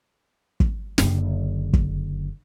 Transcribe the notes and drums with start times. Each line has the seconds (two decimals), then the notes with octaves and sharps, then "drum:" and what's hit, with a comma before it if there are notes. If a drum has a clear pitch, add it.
0.60 drum: kick
0.98 F#1 D3, drum: snare
1.73 drum: kick